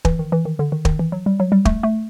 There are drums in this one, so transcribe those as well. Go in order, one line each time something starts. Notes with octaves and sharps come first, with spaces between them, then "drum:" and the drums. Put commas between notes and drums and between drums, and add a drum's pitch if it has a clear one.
E3, drum: kick
D#3
E3
D#3
D3
D#3
D#3, drum: kick
E3
F#3
G3
F#3
G3
A3, drum: kick
A3